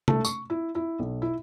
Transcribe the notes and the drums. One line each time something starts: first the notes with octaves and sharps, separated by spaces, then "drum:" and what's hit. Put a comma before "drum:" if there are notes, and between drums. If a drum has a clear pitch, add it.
A3, drum: tom C3
C#6, drum: tambourine
E4
E4
B1
E4